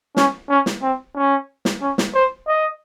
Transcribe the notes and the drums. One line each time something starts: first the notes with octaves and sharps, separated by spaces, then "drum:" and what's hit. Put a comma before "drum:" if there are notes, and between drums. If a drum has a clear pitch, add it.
C#4, drum: snare
C#4
drum: snare
C4
C#4
drum: snare
C#4
drum: snare
C5
D#5